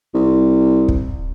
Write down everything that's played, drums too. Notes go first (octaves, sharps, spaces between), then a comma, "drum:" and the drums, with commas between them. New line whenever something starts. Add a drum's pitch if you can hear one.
C2
drum: kick